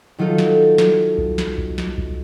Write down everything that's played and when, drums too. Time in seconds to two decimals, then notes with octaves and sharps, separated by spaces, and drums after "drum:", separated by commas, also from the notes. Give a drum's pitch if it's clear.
0.19 D#3 F#3 D#4 F4 A4
0.38 drum: snare
0.78 drum: snare
1.18 drum: kick B1
1.38 drum: snare
1.58 drum: kick B1
1.78 drum: snare
1.98 drum: kick B1